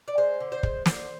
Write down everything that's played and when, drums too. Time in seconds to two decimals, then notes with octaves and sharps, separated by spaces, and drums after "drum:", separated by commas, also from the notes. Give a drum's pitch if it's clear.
0.08 D5
0.18 G#3 C5
0.41 D3
0.52 C5
0.63 G#3, drum: kick
0.86 D3 C5, drum: snare